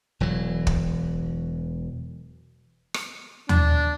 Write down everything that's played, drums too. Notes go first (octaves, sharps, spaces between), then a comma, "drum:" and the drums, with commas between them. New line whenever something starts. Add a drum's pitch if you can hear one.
E1 E3 F#3
drum: kick
drum: rim click
D4, drum: tom D#2